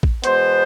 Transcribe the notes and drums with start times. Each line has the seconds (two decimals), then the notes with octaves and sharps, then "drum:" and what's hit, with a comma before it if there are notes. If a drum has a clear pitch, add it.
0.03 drum: kick
0.24 E2 B2 G#3 B3 C5, drum: hi-hat